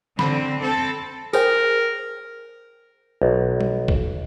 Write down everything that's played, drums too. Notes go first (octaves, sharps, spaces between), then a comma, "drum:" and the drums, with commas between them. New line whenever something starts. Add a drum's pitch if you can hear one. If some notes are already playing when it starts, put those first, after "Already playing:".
D3 C4 B5, drum: snare
C4 A4
G#4 A#4 C5 G5, drum: tambourine
B1
drum: tom G3
drum: kick B1